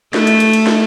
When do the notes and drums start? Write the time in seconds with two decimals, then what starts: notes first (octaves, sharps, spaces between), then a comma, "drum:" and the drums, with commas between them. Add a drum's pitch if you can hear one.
0.14 A3, drum: snare
0.27 drum: hi-hat
0.40 drum: hi-hat
0.53 drum: hi-hat
0.67 drum: snare